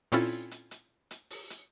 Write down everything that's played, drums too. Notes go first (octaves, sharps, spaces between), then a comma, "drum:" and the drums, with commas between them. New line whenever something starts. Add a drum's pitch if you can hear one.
A#2 C4 C#4 E4 F4 A4, drum: open hi-hat
drum: hi-hat
drum: hi-hat
drum: hi-hat
drum: open hi-hat
drum: hi-hat